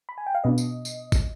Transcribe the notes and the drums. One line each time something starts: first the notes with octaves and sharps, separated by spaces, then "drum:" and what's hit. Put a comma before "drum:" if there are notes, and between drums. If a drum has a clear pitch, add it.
B5
G#5
G5
F5
B2 B3 D4 D#5
drum: tambourine
drum: tambourine
drum: kick, tambourine